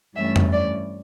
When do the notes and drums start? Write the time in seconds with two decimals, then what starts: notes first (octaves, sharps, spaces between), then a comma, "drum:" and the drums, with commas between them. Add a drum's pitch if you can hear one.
0.15 G2 E3 A3 C#4 E5
0.36 drum: tom F2
0.52 D5